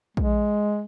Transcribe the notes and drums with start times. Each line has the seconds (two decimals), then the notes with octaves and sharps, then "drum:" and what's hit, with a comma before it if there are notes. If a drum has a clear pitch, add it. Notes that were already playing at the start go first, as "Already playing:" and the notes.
0.17 G#3, drum: kick A#1